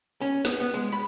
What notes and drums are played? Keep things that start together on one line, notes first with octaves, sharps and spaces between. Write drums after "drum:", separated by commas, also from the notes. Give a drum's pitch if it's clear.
C#4
B3, drum: snare
B3
G#3
B5